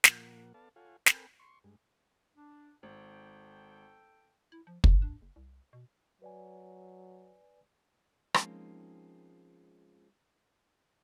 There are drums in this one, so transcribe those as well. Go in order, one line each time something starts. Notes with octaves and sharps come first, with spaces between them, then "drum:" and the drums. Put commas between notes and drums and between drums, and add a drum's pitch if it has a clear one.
A#2 F3 A#3 F#5, drum: snare
B3 A4 D5 F5 A5
F4 A4 C#5 F5 F#5 G#5
C4 A4 A#4 G5 G#5 B5, drum: snare
C6 C#6
G2 G#3
D4
G#1 A4 G5
E4
F3
B2, drum: kick
D4
F#1
C2
B2
F#3 B4 D5 G#5
F3 G#3 A#3 C4 C#4 D#4, drum: rim click